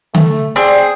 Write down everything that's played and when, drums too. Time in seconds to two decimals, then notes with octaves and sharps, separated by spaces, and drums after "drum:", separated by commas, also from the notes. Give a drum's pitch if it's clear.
0.14 A3, drum: tom D3
0.56 C4 G#4 D5